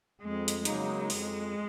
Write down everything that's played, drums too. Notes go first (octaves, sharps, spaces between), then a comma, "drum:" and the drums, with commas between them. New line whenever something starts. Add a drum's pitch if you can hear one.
F2 G#3
drum: hi-hat
C#3 F#3 G#3 A#3 D#4, drum: hi-hat
F2, drum: open hi-hat